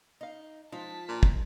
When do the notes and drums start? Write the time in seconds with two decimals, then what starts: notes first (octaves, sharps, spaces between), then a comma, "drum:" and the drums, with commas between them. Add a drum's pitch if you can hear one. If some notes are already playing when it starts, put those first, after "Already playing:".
0.21 D#4 D#5 F5
0.72 F3 G#3 D#4 F4 A5 B6
1.09 A#2 D4
1.23 drum: kick